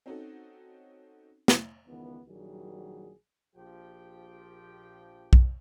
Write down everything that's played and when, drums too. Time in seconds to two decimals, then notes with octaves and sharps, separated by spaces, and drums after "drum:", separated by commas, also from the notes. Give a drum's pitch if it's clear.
0.06 C4 C#4 D#4 F#4 A4
1.48 drum: snare
1.87 C#2 D#3 E3 B3
2.27 A#1 D#3 F#3 G3 F#4 G#4
3.56 A#1 F3 G4 G5
5.33 drum: kick